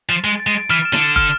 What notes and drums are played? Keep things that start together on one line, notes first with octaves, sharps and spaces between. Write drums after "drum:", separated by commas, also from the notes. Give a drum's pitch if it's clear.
F3 A6
G#3 D7
A6
G#3
D7
E3 F6
E7
D3, drum: snare
E7
F6, drum: kick